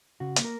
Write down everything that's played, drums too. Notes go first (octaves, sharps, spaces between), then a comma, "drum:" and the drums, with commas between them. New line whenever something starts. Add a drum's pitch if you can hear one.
C#3 F#4
A#3, drum: hi-hat
A#4